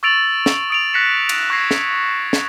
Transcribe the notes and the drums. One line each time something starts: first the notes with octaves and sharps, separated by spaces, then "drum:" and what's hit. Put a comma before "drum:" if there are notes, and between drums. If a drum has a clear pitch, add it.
C#6 E6 A6 D7 F7 F#7
drum: snare
D#6 D7 F7
F#6 A#6 B6 C#7 E7
drum: cymbal
C#6 F#6 G#6 A#6 C7 E7
drum: snare
drum: snare